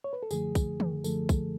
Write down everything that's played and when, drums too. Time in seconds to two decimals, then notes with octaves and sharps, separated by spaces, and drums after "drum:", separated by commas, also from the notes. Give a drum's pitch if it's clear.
0.04 C#5
0.13 B4
0.23 A4
0.31 F#2 D3 F3 A3 G#4, drum: tambourine
0.55 drum: kick, tambourine
0.80 drum: tom
1.04 F#2 D3 F3 A3 A4, drum: tambourine
1.29 drum: kick, tambourine